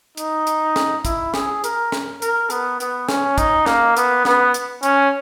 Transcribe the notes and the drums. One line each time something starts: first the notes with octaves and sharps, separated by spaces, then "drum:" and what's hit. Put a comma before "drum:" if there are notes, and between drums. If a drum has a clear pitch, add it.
D#4, drum: hi-hat
drum: hi-hat
drum: snare
E4, drum: kick, hi-hat
G#4, drum: snare
A#4, drum: hi-hat
drum: snare
A#4, drum: hi-hat
B3, drum: hi-hat
B3, drum: hi-hat
C#4, drum: snare
D#4, drum: kick, hi-hat
A#3, drum: snare
B3, drum: hi-hat
B3, drum: snare
drum: hi-hat
C#4, drum: hi-hat